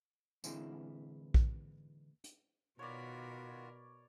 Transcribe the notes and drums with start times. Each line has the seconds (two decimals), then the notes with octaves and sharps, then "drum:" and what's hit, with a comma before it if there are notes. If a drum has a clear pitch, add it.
0.44 A#2 D3 E3 G#3 C4 E4, drum: tambourine
1.34 drum: kick A#1
2.24 drum: hi-hat
2.79 B2 D#3 F4 F#4 A#4 C#5 D5 B5